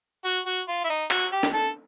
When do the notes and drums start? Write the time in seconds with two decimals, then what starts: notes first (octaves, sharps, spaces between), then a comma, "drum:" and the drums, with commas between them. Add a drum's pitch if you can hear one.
0.24 F#4
0.46 F#4
0.68 F4
0.84 E4
0.89 D#4
1.11 F#4, drum: clap
1.32 G4
1.43 drum: snare
1.53 A4